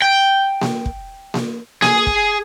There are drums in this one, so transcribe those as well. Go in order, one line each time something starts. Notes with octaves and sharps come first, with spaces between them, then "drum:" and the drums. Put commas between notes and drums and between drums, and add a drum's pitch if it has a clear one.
G5
drum: snare A#3
drum: kick
drum: snare A#3
G#4, drum: snare A#3
drum: kick